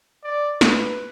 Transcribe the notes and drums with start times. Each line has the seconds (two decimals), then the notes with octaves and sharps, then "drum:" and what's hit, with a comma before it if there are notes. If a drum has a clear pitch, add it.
0.24 D5
0.61 B4, drum: snare